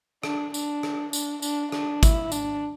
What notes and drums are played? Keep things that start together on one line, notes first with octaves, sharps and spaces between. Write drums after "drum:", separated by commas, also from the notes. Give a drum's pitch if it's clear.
D4, drum: rim click
D4, drum: tambourine
drum: rim click
D4, drum: tambourine
D4, drum: tambourine
D4, drum: rim click
E4, drum: kick, tambourine
D4, drum: tambourine